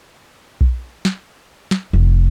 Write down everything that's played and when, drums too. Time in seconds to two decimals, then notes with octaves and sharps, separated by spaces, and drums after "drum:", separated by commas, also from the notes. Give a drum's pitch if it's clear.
0.61 drum: kick B1
1.05 drum: snare
1.71 drum: snare
1.93 F1